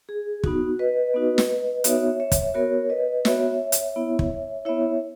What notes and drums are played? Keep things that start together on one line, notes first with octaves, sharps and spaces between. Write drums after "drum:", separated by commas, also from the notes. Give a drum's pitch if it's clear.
G#4
B3 D#4 F#4, drum: kick
B4 D#5
B3 D#4 F#4
drum: snare
B3 D#4 F#4 C#5 E5, drum: hi-hat
C#5 E5
drum: kick, hi-hat
B3 F#4 A#4 C#5
B4 D#5
B3 F#4 C#5 E5, drum: snare
drum: hi-hat
B3 E4
drum: kick
B3 E4 C#5 E5